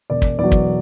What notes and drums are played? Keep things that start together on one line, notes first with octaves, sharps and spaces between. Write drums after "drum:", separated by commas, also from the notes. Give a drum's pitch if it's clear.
E1 D5
drum: kick
E2 B2 F#3 D5
drum: kick